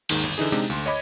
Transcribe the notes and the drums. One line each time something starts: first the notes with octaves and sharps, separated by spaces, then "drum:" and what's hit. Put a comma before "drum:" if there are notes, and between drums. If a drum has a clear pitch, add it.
D#2 G#2 D#3, drum: cymbal
G1
D3 E3 D#4 G#4
C3 G#3 D4 D#4 G4
D2 C6
C#5 D#5 B5 D6 G#6